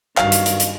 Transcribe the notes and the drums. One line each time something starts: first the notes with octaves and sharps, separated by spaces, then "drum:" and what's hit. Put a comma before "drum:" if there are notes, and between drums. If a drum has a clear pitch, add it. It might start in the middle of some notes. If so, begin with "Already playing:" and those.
G2 D#3 F#3 F5, drum: clap
drum: hi-hat
drum: hi-hat
drum: hi-hat